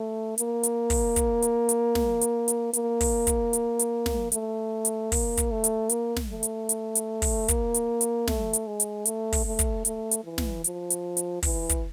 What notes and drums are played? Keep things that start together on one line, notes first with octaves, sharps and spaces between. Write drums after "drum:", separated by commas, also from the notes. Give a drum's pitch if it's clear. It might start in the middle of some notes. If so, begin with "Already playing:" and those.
Already playing: A3
A#3, drum: hi-hat
drum: hi-hat
drum: kick, open hi-hat
drum: kick, hi-hat
drum: hi-hat
drum: hi-hat
drum: snare
drum: hi-hat
drum: hi-hat
A#3, drum: hi-hat
drum: kick, open hi-hat
drum: kick, hi-hat
drum: hi-hat
drum: hi-hat
drum: snare
A3, drum: hi-hat
drum: hi-hat
A#3, drum: kick, open hi-hat
drum: kick, hi-hat
A3
drum: hi-hat
A#3, drum: hi-hat
drum: snare
A3
drum: hi-hat
drum: hi-hat
drum: hi-hat
drum: kick, open hi-hat
A#3, drum: kick, hi-hat
drum: hi-hat
drum: hi-hat
A3, drum: snare
drum: hi-hat
G#3
drum: hi-hat
A3, drum: hi-hat
drum: kick, open hi-hat
A3
drum: kick, hi-hat
A3, drum: hi-hat
drum: hi-hat
E3
drum: snare
F3, drum: hi-hat
drum: hi-hat
drum: hi-hat
E3, drum: kick, open hi-hat
drum: kick, hi-hat